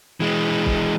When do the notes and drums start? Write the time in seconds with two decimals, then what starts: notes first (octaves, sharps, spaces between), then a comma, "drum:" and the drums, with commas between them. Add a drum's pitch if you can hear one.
0.20 E3 G#3
0.66 drum: kick